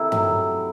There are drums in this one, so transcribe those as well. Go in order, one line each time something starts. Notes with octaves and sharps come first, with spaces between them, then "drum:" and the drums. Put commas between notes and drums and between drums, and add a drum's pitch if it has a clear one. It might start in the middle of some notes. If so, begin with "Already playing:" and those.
Already playing: C3 D#3 E4 A4
F#3, drum: tom G2